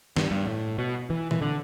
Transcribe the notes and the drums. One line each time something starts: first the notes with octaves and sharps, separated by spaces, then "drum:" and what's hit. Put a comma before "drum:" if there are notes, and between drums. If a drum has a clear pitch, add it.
G2, drum: snare
G2
A2
B2
E3
E3, drum: tom
D3